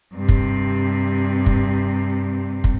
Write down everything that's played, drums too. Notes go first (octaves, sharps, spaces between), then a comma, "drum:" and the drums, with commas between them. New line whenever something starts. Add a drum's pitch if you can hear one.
G2 C3
drum: kick
drum: kick
drum: kick